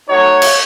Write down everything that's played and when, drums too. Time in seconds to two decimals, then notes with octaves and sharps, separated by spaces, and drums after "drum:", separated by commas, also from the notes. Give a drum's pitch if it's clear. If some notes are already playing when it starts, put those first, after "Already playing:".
0.09 A3 D#4 F#4 C#5
0.42 drum: cymbal